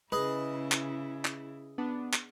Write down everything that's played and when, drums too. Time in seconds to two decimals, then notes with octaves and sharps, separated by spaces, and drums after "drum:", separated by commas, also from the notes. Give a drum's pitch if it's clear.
0.12 C#3 E4 G#4 B4 D#5
0.72 drum: clap
1.25 drum: clap
1.78 B3 D4
2.14 drum: clap